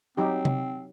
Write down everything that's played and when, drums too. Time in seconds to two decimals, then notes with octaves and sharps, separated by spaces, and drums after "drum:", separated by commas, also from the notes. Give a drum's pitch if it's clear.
0.17 F#3 C4 D#4 G4
0.45 drum: tom C3